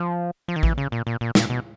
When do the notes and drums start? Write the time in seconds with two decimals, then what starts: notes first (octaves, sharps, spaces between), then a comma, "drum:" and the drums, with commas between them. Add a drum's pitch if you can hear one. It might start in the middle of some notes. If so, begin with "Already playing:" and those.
Already playing: F3
0.48 F3
0.56 D#3
0.63 E3, drum: kick A1
0.78 C#3
0.92 A#2
1.07 A#2
1.21 A#2
1.35 A#2, drum: snare
1.50 B2